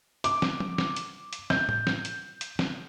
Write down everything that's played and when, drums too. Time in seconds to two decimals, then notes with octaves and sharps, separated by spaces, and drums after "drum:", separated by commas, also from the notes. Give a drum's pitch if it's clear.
0.24 D6, drum: hi-hat
0.42 drum: snare
0.60 drum: tom
0.78 drum: snare
0.96 drum: hi-hat
1.33 drum: hi-hat
1.50 G6, drum: snare
1.69 drum: tom A2
1.87 drum: snare
2.05 drum: hi-hat
2.41 drum: hi-hat
2.59 drum: snare